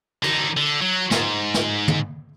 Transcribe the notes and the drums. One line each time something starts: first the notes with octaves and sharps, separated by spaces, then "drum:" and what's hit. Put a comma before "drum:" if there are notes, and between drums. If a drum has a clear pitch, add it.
D3 D#4, drum: cymbal
D3
F#3
G#2, drum: snare
drum: snare
drum: tom